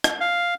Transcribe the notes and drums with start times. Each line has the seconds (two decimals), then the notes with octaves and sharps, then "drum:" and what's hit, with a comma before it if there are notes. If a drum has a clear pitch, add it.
0.04 drum: rim click
0.20 F5